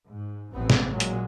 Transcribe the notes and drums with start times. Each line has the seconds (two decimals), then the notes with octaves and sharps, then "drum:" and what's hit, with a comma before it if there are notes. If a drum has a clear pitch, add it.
0.10 G#2
0.54 A1 F#2 B3 C4
0.70 drum: snare
0.91 A#2 F#3 G#3
1.00 drum: hi-hat